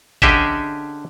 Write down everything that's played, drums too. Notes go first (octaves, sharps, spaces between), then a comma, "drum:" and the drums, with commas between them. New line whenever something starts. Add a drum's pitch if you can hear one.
D3 C#4 G4 G#4 D#5 E5, drum: kick G1